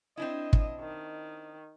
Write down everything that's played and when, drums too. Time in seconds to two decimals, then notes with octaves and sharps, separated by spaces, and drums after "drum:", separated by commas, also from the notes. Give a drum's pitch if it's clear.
0.17 C4 D4 E4 D#5
0.53 drum: kick
0.80 D#3